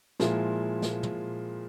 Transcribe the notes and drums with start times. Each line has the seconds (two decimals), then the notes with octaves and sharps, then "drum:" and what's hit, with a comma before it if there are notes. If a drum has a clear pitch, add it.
0.20 A#2 F3 G#3 E4, drum: snare
0.82 drum: snare
1.03 drum: tom